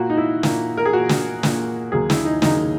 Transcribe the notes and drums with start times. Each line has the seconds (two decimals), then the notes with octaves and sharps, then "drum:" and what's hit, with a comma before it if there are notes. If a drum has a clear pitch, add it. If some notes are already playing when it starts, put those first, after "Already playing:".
Already playing: A#2 A#3 F#4
0.10 D#4
0.17 E4
0.43 A#2 A#3, drum: snare
0.77 A#4
0.85 G#4
0.92 A#2 A#3 F#4
1.09 drum: snare
1.43 A#2 A#3, drum: snare
1.92 D#2 C#3 F#3 A#3 G#4
2.10 E4, drum: snare
2.25 D#4
2.42 D#2 C#3 F#3 A#3 D#4, drum: snare